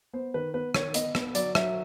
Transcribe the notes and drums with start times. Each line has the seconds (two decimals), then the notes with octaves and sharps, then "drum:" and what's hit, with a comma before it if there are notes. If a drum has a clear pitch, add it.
0.13 B3 C5
0.34 D#3 B4
0.54 B3 B4
0.75 D#3 C#5, drum: rim click
0.94 B3 D#5, drum: hi-hat
1.15 B3, drum: rim click
1.35 F#3 D5, drum: hi-hat
1.55 F#3 E5, drum: rim click